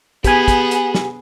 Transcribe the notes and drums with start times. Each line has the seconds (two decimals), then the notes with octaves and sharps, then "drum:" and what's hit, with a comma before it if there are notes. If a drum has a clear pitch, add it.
0.24 B3 G4 G#4 G#5, drum: kick, hi-hat
0.48 drum: kick, hi-hat
0.71 drum: hi-hat
0.95 drum: snare